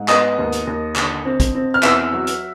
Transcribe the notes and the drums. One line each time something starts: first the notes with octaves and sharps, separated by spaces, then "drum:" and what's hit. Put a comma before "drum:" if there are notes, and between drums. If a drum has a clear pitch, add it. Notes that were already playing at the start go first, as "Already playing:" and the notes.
Already playing: G#2
B3 D#5 D#6, drum: clap
D#2
drum: hi-hat
D#2
D3, drum: clap
C4
drum: kick, hi-hat
C4
F6
E2 E5 E6, drum: clap
F#3
drum: hi-hat